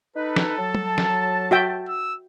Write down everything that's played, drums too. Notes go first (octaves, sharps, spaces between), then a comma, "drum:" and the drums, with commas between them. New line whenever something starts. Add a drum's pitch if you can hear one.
D#4 A4 B4
drum: snare
F#3 A5
drum: tom
drum: snare
F#4 E5 G5
E6